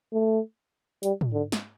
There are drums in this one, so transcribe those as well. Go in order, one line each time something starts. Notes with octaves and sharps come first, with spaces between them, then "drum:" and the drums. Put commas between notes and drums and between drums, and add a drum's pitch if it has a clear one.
A3
G3, drum: hi-hat
drum: tom
D3
drum: snare